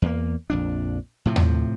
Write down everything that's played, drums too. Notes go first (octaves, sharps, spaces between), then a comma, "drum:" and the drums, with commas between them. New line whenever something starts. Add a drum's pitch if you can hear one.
E2 A#3
A#1 F2 D4
A2 C3 F3
drum: tom D#2